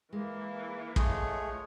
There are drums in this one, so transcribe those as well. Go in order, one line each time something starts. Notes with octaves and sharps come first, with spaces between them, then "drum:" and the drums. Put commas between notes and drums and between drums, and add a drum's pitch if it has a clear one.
E3 G#3 A#3
G#3 A3 F4 G#4 C#5, drum: kick